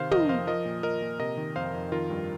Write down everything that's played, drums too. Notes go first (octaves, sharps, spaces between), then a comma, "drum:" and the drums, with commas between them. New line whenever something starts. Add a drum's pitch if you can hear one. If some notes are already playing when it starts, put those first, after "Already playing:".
Already playing: C3 D#3 C5 F5
F2 A#4 D#5, drum: tom
F2 C5 F5
F3 A#4 D#5
A#2
F3 A#4 D#5
A#2
C3 A#4 D#5
D#3
F2 C5 F5
F2
D#3 F4 A#4
G2